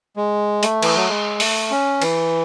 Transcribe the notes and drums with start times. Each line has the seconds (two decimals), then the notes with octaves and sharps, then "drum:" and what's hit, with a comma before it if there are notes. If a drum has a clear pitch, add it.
0.17 G#3
0.63 A3, drum: hi-hat
0.83 E3, drum: cymbal
0.96 F#3
1.09 G#3
1.40 A3, drum: open hi-hat
1.71 C#4
2.02 E3, drum: cymbal